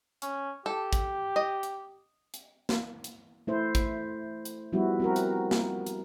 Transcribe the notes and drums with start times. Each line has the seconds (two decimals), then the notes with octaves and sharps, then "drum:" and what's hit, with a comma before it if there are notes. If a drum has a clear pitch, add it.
0.22 C#4, drum: hi-hat
0.66 G4 A4
0.93 drum: kick, hi-hat
1.36 D#5
1.63 drum: hi-hat
2.34 drum: hi-hat
2.69 drum: snare
3.04 drum: hi-hat
3.47 A3 E4 C5
3.75 drum: kick, hi-hat
4.45 drum: hi-hat
4.72 F3 G3 B3 E4 F#4
5.00 C4 F#4 A#4
5.16 drum: hi-hat
5.51 drum: snare
5.87 drum: hi-hat